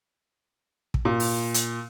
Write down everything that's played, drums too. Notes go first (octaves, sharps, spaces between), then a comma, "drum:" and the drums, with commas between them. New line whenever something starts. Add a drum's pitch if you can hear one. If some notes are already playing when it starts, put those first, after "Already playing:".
drum: kick
A#2
drum: open hi-hat
drum: hi-hat